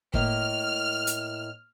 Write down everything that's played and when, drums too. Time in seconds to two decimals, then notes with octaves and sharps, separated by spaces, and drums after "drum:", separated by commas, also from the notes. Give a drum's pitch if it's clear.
0.14 A2 A#3 D#5 F6, drum: kick
1.07 drum: hi-hat